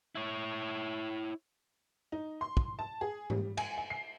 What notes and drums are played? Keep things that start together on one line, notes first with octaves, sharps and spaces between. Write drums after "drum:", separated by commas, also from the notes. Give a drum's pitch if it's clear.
E4 C#5
D#4
C6
drum: kick
A5
G#4
G3, drum: tom G#2
G#5, drum: cymbal
G#5
C7